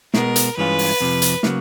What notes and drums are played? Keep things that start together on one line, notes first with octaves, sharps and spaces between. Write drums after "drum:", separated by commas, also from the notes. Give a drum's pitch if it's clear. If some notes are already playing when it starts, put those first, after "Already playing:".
B2 G#3 B3 A#4, drum: snare
drum: hi-hat
G2 E3 G#3 C#4 F4 B4
drum: open hi-hat
F2 C3 F3
drum: hi-hat
C#3 F#3 A#3, drum: snare